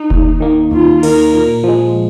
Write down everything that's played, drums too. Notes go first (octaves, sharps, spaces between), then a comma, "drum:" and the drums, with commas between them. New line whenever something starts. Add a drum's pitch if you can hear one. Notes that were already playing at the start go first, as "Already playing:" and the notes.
Already playing: D#4
D#2, drum: kick F1
D#3 A#3
D#2 F4
D#3 A#3 A#4, drum: cymbal
A#2
F3 G#3